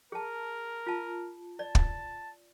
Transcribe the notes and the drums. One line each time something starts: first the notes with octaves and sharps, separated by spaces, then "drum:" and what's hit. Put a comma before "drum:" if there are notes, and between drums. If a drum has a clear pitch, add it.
G#4 A#4 A5
F4 A5
D5 A5
drum: kick